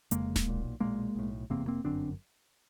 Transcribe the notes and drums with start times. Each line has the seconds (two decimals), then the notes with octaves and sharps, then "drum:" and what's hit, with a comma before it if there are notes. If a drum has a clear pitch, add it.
0.11 F1 F2 C#3 G#3 A#3, drum: hi-hat
0.36 drum: snare D1
0.46 B1 A#2
0.80 B1 A#2 G#3 A#3
1.16 B1 A2
1.50 F1 E2 C3 A#3 C4
1.68 A#3 C4
1.84 G1 F#2 D3 C4 D4